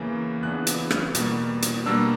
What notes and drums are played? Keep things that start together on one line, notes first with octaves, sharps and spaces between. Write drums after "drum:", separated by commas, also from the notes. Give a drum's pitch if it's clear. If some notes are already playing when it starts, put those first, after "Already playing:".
Already playing: E2 C#3 E3 A#3
E2 C#3 E3 B3 D4 F#6
drum: hi-hat
drum: rim click
E2 B2 G3 A#3, drum: hi-hat
drum: hi-hat
B2 G3 A#3 D4 E6